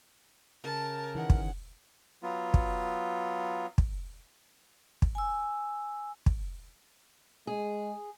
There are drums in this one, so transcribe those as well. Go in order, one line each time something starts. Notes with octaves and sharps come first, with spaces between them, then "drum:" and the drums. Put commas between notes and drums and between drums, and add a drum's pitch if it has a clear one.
C#3 A#4 A5
D#3 E3 F#5
drum: kick
F#3 B3 F4
drum: kick
drum: kick
drum: kick
G#5 E6
drum: kick
G#3 G#4